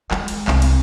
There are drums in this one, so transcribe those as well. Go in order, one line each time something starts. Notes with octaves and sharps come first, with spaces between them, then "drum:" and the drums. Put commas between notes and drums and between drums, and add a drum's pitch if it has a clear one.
G#3, drum: clap
drum: cymbal
C2, drum: clap
drum: cymbal